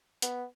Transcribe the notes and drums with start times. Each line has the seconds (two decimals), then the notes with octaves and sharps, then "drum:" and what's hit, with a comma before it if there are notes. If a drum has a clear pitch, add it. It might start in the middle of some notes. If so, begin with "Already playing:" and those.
0.22 B3, drum: hi-hat